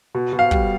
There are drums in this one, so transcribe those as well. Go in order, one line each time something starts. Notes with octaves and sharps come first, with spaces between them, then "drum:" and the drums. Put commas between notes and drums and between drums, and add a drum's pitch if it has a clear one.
B2
B2
F5
G3, drum: kick